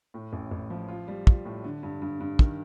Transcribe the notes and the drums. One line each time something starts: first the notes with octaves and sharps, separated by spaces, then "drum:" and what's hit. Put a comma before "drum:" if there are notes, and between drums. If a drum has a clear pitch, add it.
A2
A1
A1
F3
F4
G3
F4, drum: kick
A2
D3
G2
G2
G2
D#3, drum: kick